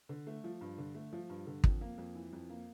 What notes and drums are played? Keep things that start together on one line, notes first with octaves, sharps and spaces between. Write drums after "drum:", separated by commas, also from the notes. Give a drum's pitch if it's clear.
D3
A3
F3
G2
D3
A3
F3
G2
D3
F2, drum: kick
A#3
F2
E3
F2
A#3